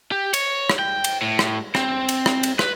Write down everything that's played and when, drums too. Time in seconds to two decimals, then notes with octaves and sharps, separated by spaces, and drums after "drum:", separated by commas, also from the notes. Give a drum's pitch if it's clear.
0.12 G4
0.34 C#5, drum: cymbal
0.70 drum: rim click
0.79 G5
1.04 drum: cymbal
1.22 A2
1.39 drum: rim click
1.75 C4, drum: rim click
2.09 drum: cymbal
2.26 drum: rim click
2.43 drum: cymbal
2.59 B4, drum: rim click